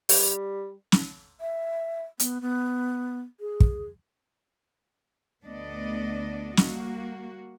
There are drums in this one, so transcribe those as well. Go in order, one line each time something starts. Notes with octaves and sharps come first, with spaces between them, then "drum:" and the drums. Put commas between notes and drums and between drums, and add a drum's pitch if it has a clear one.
G3, drum: open hi-hat
drum: snare
E5
B3, drum: hi-hat
B3
G#4
drum: kick
D2 A3 B3 D4 D5 D#5
G3 A#3 F#4, drum: snare